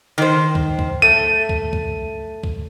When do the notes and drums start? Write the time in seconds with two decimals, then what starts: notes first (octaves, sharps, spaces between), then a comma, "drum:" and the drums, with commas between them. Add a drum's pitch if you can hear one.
0.18 D#3 C5
0.55 drum: kick C#2
0.79 drum: kick C#2
1.02 A3 D#7
1.49 drum: kick C#2
1.73 drum: kick C#2
2.44 drum: kick C#2